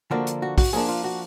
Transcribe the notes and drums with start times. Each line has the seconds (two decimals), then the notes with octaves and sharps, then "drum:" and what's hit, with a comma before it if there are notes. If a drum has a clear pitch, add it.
0.11 D3 F3 A#3 D4 F#4
0.27 drum: hi-hat
0.42 F#4
0.58 F#4, drum: kick, open hi-hat
0.73 F3 A#3 D4 G#4
0.89 F4
1.04 F#4